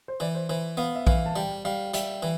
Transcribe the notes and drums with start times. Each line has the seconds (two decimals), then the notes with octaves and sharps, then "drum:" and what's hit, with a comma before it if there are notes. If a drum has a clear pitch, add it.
0.08 C5
0.20 E3 D5
0.35 C5
0.49 E3 C5
0.77 B3 F5
0.95 E5
1.07 E3 F5, drum: kick A#1
1.26 A5
1.36 G3 G5
1.65 G3 F5
1.94 G3 E5, drum: hi-hat
2.23 E3